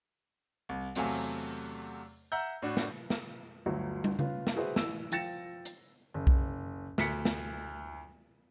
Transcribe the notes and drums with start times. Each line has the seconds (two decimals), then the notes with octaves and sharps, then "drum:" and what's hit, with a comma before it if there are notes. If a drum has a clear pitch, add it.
0.69 C2
0.95 E2 C3 F#3 A3 F5 G#5, drum: hi-hat
1.09 drum: open hi-hat
2.32 E5 F#5 A#5 E6 G6
2.62 A2 D4 F#4
2.77 drum: snare
3.10 drum: snare
3.66 G1 D2 F#3
4.04 drum: tom
4.19 C#4 F4 B4, drum: tom C#3
4.47 drum: snare
4.56 F#4 G#4 B4 C5 E5
4.76 A1 E6, drum: snare
5.12 F3 G5 A6 A#6 C#7 E7, drum: hi-hat
5.65 drum: hi-hat
6.14 F#1
6.27 drum: kick B1
6.98 D2 B6 C#7, drum: snare
7.25 drum: snare